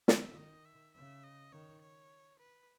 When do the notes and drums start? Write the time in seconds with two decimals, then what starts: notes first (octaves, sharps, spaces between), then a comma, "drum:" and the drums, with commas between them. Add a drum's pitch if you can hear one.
0.08 D#3 E5, drum: snare
0.36 D#3 D#5
0.66 E5
0.94 C#3 E5
1.23 D#5
1.52 D#3 C#5
1.81 C#5
2.39 B4